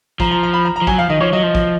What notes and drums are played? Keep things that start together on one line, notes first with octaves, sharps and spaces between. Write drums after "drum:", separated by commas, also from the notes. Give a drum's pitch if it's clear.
F3 A#5, drum: kick A1
A#5
A#5
B5
A#5
A#5
F3
F#3 G#5, drum: kick A1
F3 F5
D#3 D#5
F3 C#5
F#3 D#5
F3 D#5
drum: kick A1